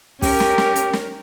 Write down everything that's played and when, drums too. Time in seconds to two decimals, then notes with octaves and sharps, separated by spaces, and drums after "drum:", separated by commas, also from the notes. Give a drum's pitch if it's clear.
0.22 C#4 G4 A#4, drum: kick, open hi-hat
0.40 drum: snare
0.58 drum: snare
0.76 drum: hi-hat
0.93 drum: snare